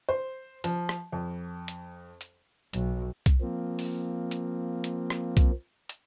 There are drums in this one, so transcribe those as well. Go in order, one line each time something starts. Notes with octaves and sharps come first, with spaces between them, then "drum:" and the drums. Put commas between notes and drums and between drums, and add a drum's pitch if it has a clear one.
C5
F3, drum: hi-hat
drum: rim click
F2
drum: hi-hat
drum: hi-hat
B1, drum: hi-hat
drum: kick B1, hi-hat
F3 A#3 C4
drum: open hi-hat
drum: hi-hat
drum: hi-hat
drum: rim click
drum: kick B1, hi-hat
drum: hi-hat